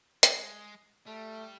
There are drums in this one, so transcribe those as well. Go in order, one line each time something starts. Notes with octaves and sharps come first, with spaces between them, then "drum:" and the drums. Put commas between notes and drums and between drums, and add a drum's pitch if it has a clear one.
G#3, drum: hi-hat
G3 A3